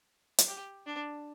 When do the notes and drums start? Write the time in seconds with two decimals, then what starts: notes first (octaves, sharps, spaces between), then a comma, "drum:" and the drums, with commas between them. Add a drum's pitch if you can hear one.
0.38 drum: hi-hat
0.48 G4
0.86 D4